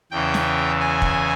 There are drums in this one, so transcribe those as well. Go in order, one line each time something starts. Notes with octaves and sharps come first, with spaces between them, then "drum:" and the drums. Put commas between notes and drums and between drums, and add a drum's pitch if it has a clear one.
E2 C#3 E3 G5
drum: snare
G#5
drum: kick